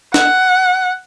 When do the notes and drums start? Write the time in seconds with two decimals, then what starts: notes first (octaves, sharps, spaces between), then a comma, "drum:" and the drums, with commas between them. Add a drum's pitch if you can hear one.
0.14 F#5, drum: snare